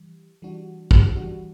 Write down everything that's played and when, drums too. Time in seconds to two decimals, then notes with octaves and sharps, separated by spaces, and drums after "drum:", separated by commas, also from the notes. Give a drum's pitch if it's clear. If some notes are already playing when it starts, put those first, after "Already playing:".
Already playing: E3 G3
0.42 E3 G3 D4 F#4
0.91 drum: kick
1.15 E3 G3 D4 F#4